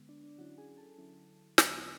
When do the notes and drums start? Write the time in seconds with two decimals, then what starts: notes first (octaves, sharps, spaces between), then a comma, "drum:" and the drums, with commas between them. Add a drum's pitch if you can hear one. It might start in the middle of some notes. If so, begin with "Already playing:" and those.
Already playing: D3 G#3 B3
0.09 D4 D5
0.23 D4 D5
0.38 D3 F#3 C#4 E4 F#4 F#5
0.58 G#4 G#5
0.78 A4 A5
0.98 D3 F#3 C#4 E4
1.58 E2 D3 F#3 B3 D4, drum: snare